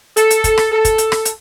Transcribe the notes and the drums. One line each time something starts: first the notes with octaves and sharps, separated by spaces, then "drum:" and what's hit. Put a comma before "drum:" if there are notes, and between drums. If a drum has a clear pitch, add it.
A4, drum: hi-hat
drum: hi-hat
drum: kick, hi-hat
drum: rim click
A4
drum: kick, hi-hat
drum: hi-hat
drum: rim click
drum: hi-hat